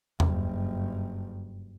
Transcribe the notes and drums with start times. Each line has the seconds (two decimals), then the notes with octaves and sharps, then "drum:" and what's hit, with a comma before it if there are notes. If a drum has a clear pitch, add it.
0.20 F#1 G2, drum: tom E2